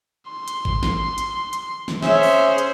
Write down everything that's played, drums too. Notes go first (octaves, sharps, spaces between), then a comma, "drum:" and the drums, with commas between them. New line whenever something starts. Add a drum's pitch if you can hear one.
C6
drum: hi-hat
drum: kick G#1
drum: snare
drum: hi-hat
drum: hi-hat
drum: snare
C#4 G#4 C5 E5, drum: snare
drum: open hi-hat
drum: hi-hat